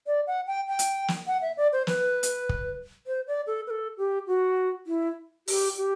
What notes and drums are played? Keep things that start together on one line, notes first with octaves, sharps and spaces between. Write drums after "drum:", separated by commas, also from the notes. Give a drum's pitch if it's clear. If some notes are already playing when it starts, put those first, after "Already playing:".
D5
F#5
G5
G5
drum: hi-hat
drum: snare
F#5
E5
D5
C5
B4, drum: snare
drum: hi-hat
drum: kick
C5
D5
A4
B4
A4
G4
F#4
E4
G4, drum: open hi-hat
G4